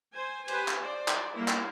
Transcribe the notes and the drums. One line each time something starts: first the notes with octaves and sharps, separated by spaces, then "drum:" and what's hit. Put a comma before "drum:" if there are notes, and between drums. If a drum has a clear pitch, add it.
C5 G#5
G4 B4 C5 G#5, drum: cymbal
drum: clap
C5 D5
drum: clap
G3 A#3 E4
drum: clap